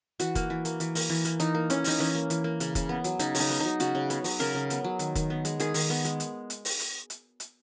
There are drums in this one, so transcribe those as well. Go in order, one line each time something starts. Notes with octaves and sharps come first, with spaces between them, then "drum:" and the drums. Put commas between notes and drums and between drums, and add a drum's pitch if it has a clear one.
E3 F#4, drum: hi-hat
A#3, drum: kick F1, hi-hat
E3
A#3, drum: hi-hat
E3, drum: hi-hat
A#3, drum: open hi-hat
E3
A#3, drum: hi-hat
E3 D#4, drum: hi-hat
A#3
E3 C#4, drum: hi-hat
A#3 D#4, drum: open hi-hat
E3 C#4
A#3
E3, drum: hi-hat
A#3
C#3, drum: hi-hat
C#3, drum: kick F1, hi-hat
B3
F#3, drum: hi-hat
C#3 D#4, drum: hi-hat
C#3, drum: open hi-hat
D#4
B3
F#3 D#4
C#3 F#4, drum: hi-hat
C#3
B3, drum: hi-hat
F#3, drum: open hi-hat
C#3 A#4, drum: hi-hat
C#3
B3, drum: hi-hat
F#3
D#3, drum: hi-hat
D#3, drum: kick F1, hi-hat
B3
G#3, drum: hi-hat
D#3 G#4, drum: hi-hat
D#3, drum: open hi-hat
B3
G#3, drum: hi-hat
drum: hi-hat
drum: hi-hat
drum: open hi-hat
drum: hi-hat
drum: hi-hat
drum: hi-hat